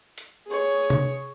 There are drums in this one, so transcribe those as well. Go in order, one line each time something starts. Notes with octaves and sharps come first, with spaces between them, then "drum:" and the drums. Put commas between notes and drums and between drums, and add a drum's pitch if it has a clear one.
drum: hi-hat
G#4 C#5
drum: tom C3